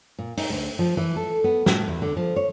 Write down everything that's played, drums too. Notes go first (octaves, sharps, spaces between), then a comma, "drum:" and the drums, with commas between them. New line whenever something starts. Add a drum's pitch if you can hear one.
A#2
D#4, drum: open hi-hat
D2
F3
E3
A4
B3
A2, drum: snare
E2
D3
F3
C#5